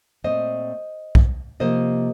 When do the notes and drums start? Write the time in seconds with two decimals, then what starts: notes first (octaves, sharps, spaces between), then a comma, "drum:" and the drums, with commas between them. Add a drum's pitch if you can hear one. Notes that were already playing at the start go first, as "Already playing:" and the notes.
0.24 A#2 A3 C4 C5 D#5
1.15 drum: kick B1
1.60 C3 F3 A#3 C5 D#5